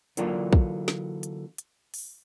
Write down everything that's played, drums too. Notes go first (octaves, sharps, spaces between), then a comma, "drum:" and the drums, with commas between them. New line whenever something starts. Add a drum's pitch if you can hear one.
D3 E3 F#3 A#3 D4 F4, drum: hi-hat
drum: kick
drum: snare
drum: hi-hat
drum: hi-hat
drum: open hi-hat